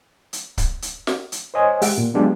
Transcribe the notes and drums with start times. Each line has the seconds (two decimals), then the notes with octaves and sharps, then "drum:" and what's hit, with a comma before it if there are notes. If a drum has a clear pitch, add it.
0.33 drum: hi-hat
0.58 drum: kick C#1, hi-hat
0.82 drum: hi-hat
1.07 drum: snare
1.32 drum: hi-hat
1.54 C5 C#5 D#5 G#5
1.82 G#3 G4 E5 F#5, drum: open hi-hat
1.98 A#2
2.14 F#3 G#3 B3 D4 F4 G4